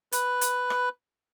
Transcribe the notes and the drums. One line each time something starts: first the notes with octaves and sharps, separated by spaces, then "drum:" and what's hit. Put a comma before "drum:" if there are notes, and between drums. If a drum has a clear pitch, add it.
B4, drum: hi-hat
drum: hi-hat
drum: rim click